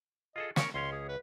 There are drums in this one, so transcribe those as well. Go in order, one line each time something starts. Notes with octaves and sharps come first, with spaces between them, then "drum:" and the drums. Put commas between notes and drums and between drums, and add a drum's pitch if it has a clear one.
F4 G#4 A4 D#5
C#4 A#4 C#6, drum: snare
C#2 C#4 C#5 C6
G#4
B4